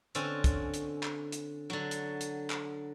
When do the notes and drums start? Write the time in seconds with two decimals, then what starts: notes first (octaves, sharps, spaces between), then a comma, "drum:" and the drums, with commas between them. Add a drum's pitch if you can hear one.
0.15 D3 C4 C#4, drum: hi-hat
0.44 drum: kick, hi-hat
0.74 drum: hi-hat
1.03 drum: clap
1.32 drum: hi-hat
1.70 D3 F#3
1.91 drum: hi-hat
2.21 drum: hi-hat
2.50 drum: clap